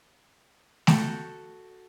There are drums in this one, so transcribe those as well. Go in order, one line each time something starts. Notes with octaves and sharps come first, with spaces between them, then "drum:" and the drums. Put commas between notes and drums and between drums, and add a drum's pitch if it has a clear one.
F#4 A4 G6, drum: snare A3